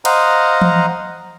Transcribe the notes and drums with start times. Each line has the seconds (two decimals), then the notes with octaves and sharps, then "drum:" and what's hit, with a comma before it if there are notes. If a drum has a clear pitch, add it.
0.05 C5 D#5 F5 F#5 A#5, drum: cymbal
0.62 drum: tom E3